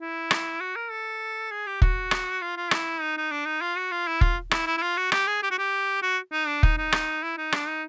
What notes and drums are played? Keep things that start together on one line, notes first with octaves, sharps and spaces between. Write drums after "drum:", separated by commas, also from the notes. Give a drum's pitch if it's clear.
E4
drum: rim click
F#4
A#4
A4
G#4
G4
F#4, drum: kick
drum: rim click
F4
F4
E4, drum: rim click
D#4
D#4
D4
D#4
F4
F#4
F4
E4
F4, drum: kick
E4, drum: rim click
E4
E4
F4
F#4
G4, drum: rim click
G#4
G4
F#4
G4
F#4
D#4
D4
D#4, drum: kick
D#4
drum: rim click
E4
D#4
D4, drum: rim click
D#4